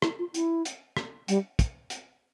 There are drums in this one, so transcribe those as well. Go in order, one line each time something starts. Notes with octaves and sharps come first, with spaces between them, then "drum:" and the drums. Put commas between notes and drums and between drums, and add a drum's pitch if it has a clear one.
E4, drum: rim click
F4
E4, drum: hi-hat
drum: hi-hat
drum: rim click
G3, drum: hi-hat
drum: kick, hi-hat
drum: hi-hat